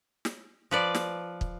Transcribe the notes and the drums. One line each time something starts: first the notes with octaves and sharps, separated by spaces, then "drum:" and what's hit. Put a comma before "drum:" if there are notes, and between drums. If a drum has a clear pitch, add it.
drum: snare
F3 B4 D5
drum: snare
drum: kick